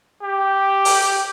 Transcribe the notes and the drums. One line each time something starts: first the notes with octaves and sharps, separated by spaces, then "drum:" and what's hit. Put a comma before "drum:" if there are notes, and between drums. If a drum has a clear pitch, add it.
G4
drum: open hi-hat